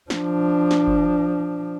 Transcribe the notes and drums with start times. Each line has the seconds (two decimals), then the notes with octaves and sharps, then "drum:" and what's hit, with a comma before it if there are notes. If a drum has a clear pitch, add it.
0.10 F3 D4, drum: snare
0.71 drum: snare
0.87 drum: kick F#1